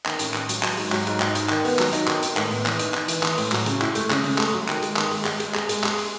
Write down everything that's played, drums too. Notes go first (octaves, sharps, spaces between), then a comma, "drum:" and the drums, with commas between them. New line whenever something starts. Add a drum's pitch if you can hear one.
D#3, drum: clap
A1, drum: hi-hat
A1, drum: clap
F#3, drum: hi-hat
F#3, drum: clap
G#2, drum: open hi-hat
F#3, drum: clap
G#2, drum: hi-hat
D#4, drum: clap
D#4, drum: hi-hat
D#3, drum: clap
B3, drum: open hi-hat
F#3, drum: clap
D#4, drum: hi-hat
D#3, drum: clap
D#3, drum: hi-hat
A2, drum: clap
B3, drum: open hi-hat
E3, drum: clap
D#4, drum: hi-hat
D#4, drum: clap
E3, drum: hi-hat
E3, drum: clap
A2, drum: open hi-hat
F#3, drum: clap
C#3, drum: hi-hat
E4, drum: clap
A3, drum: hi-hat
C#3, drum: clap
C#3, drum: open hi-hat
A3, drum: clap
F#3
D#3, drum: clap
G#3, drum: hi-hat
D#3, drum: clap
G#3, drum: open hi-hat
G#3, drum: clap
G#3, drum: hi-hat
G#4, drum: clap
G#3, drum: hi-hat
G#4, drum: clap
drum: open hi-hat